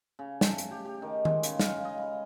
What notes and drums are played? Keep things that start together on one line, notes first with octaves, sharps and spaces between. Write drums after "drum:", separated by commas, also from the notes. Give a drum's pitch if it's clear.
C#3
A3, drum: snare
drum: hi-hat
G4
G4
D#3
G#3, drum: tom D#3
C#3, drum: hi-hat
F5, drum: snare
D#5
B5